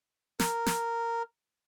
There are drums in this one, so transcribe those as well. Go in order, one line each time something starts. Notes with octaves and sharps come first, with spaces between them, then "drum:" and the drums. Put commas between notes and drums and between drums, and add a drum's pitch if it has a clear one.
A#4, drum: snare
drum: snare